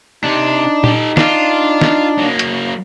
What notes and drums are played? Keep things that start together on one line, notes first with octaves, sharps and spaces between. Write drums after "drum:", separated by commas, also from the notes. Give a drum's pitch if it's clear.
C3 D4 D#4
G4 A4, drum: tom A#2
D4 F4, drum: snare
drum: snare
F#3 A#3
drum: hi-hat